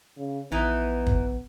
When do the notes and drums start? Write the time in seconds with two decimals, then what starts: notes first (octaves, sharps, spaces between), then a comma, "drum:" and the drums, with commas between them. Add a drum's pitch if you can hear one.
0.17 C#3
0.52 A#1 E3 B3 D#4
1.06 drum: kick